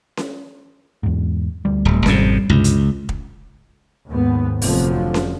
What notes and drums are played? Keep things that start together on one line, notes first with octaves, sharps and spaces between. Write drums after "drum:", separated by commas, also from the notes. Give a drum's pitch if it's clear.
drum: snare C#4
E2 G#2
D2 G3
D1
G#1 F2 C3 G3, drum: snare C#4
C#2 G2 C3
drum: hi-hat
drum: kick
D#2 G#2 B3
F1 F2 D3 F3 F#3, drum: open hi-hat
drum: snare C#4